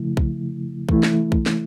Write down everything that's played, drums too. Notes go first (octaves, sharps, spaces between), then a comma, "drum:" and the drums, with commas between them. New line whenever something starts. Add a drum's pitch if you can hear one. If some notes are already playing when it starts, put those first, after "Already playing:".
Already playing: C#3 F3 A3 E4
drum: kick B1
E3 A3 E4, drum: kick B1
drum: snare
drum: kick B1
drum: snare